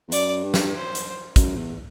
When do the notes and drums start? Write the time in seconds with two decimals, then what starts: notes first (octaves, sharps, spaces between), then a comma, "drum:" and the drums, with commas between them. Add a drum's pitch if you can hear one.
0.08 E2
0.12 F#2 D5, drum: hi-hat
0.44 G2
0.54 drum: snare
0.74 C5
0.95 drum: hi-hat
1.36 F#2, drum: kick, hi-hat
1.56 E2